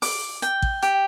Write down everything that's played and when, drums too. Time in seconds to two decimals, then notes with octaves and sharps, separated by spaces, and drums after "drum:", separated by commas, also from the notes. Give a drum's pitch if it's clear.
0.02 D6, drum: open hi-hat
0.42 G5, drum: hi-hat
0.62 drum: kick A1
0.83 G4, drum: hi-hat